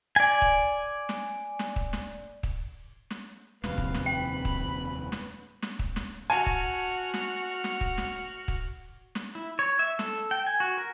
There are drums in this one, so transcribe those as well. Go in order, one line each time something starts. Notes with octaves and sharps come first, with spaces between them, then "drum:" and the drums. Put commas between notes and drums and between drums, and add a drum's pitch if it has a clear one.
D5 G#5
drum: kick
drum: snare
drum: snare
drum: kick
drum: snare
drum: kick
drum: snare
D#1 F2 C3 B4 F5, drum: snare
drum: kick
drum: snare
G5 B5
drum: kick
drum: snare
drum: snare
drum: kick
drum: snare
F#4 G#5 A5 F6
drum: kick
drum: snare
drum: snare
drum: kick
drum: snare
drum: kick
drum: snare
E4
C#5
E5
A4, drum: snare
G5
G#5
F#4
A#4